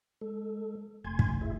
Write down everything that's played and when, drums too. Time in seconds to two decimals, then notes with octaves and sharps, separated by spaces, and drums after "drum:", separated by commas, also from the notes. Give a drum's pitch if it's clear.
0.21 G#3 A4
1.04 F1 D2 G#5 C6 G#6
1.19 drum: kick
1.41 E4 G#4 E5